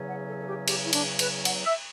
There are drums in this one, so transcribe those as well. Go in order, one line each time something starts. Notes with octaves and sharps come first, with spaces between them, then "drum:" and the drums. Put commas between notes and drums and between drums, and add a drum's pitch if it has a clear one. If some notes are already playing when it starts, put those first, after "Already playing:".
Already playing: E2 C#3 F#3 C#4
F#5
A4
A4
G4
G4, drum: cymbal
E4
D4, drum: cymbal
B4, drum: cymbal
F#5, drum: cymbal
E5